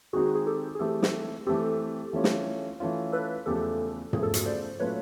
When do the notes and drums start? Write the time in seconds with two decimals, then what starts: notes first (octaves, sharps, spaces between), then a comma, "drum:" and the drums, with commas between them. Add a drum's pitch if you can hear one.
0.13 D#3 G#3 C4 D#4 F#4 G#4
0.35 G#4
0.46 G4 A4
0.75 G#4
0.79 E3 A3 C4 G4 A4
1.02 drum: snare
1.47 E3 A3 C4 G4 A4
2.13 E3 A3 C#4 F4
2.24 drum: snare
2.80 E3 A3 C#4 F4
3.13 A4 B4
3.46 E2 C#3 F3 A3 G4 A4
4.13 E2 C#3 F3 A3 G#4, drum: tom
4.23 A4
4.34 F#4 G#4, drum: hi-hat
4.46 C5 D5
4.79 A#2 F#3 A3 C#4 F4 B4 C#5